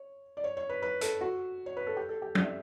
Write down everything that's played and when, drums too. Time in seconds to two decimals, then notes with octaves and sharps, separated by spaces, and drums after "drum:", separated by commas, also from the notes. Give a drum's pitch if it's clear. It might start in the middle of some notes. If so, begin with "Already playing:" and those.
Already playing: C#5
0.37 D5
0.44 C#5
0.57 C#5
0.69 B4
0.82 B4
1.01 A4, drum: hi-hat
1.21 F#4
1.66 C#5
1.77 B4
1.87 A4
1.97 G4
2.09 A4
2.22 G4
2.35 D5, drum: tom
2.45 E5